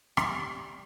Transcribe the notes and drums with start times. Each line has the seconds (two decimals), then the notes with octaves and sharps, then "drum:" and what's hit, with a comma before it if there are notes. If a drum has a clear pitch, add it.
0.17 G3 C6, drum: rim click